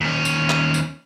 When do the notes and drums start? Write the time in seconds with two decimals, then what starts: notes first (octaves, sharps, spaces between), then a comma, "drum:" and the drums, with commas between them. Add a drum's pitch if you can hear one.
0.01 D#2 C#4
0.25 drum: tambourine
0.50 drum: clap
0.74 drum: tambourine